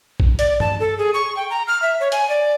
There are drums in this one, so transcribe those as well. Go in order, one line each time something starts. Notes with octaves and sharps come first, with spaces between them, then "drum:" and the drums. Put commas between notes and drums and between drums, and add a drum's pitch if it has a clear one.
drum: kick
D5, drum: hi-hat
A5, drum: tom G2
A4
G#4
C#6
G5
A#5
F6
E5
C#5
G#5, drum: hi-hat
D5